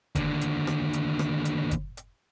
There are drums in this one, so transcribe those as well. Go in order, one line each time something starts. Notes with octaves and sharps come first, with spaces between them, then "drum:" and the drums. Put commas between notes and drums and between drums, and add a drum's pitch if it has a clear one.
D#2 D3, drum: kick F#1, hi-hat
drum: hi-hat
drum: rim click
drum: hi-hat
drum: rim click
drum: hi-hat
drum: kick F#1, hi-hat
drum: hi-hat